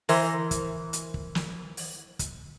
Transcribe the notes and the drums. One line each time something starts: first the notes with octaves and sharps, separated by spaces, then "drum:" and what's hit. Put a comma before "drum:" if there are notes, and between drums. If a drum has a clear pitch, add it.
E3 A#4 C5, drum: open hi-hat
drum: kick, hi-hat
drum: hi-hat
drum: kick
drum: snare
drum: open hi-hat
drum: kick, hi-hat